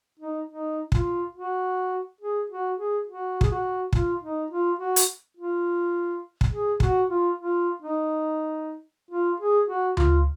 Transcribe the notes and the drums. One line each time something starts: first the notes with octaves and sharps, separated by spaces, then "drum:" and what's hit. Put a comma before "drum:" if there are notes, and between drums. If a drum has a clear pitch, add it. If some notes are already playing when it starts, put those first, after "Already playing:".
D#4
D#4
F4, drum: kick
F#4
G#4
F#4
G#4
F#4
G#4, drum: kick
F#4
F4, drum: kick
D#4
F4
F#4
drum: hi-hat
F4
drum: kick
G#4
F#4, drum: kick
F4
F4
D#4
F4
G#4
F#4
F4, drum: tom D2